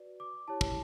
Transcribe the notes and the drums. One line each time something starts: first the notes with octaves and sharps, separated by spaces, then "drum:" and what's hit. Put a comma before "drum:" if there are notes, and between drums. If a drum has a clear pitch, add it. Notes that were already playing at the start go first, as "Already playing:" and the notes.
Already playing: F#4 B4 D5
D6
E4 G4 C#5 A5
drum: kick